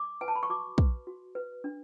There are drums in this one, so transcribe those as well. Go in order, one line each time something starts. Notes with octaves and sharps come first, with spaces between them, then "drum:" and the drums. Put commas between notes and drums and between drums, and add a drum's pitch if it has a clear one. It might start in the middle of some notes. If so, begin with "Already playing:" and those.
Already playing: D6
B4 G#5
A5
B5
C#6
F#4 D6
B4, drum: kick
F#4
B4
D4